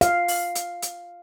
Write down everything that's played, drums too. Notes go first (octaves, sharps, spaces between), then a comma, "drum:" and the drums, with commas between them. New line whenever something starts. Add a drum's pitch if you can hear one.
F5, drum: hi-hat
drum: open hi-hat
drum: hi-hat
drum: hi-hat